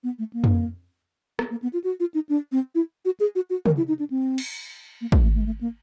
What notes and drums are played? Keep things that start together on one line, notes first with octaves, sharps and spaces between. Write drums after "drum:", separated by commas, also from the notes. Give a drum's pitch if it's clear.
B3
A3
A#3
drum: tom
B3, drum: rim click
A#3
B3
F4
F#4
F4
D#4
D4
C4
E4
F#4
G#4
F#4
F#4
A#4, drum: tom
E4
D#4
D4
C4
drum: cymbal
A#3
A3, drum: kick
A3
A3
G#3
A3
A#3